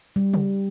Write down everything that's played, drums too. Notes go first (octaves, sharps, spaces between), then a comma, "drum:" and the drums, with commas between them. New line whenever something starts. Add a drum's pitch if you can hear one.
G3
drum: tom C#3